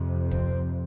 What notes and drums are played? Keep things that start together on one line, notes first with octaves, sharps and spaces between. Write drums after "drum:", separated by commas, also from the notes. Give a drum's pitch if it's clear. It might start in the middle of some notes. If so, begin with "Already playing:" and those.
Already playing: F2 C3
C4, drum: kick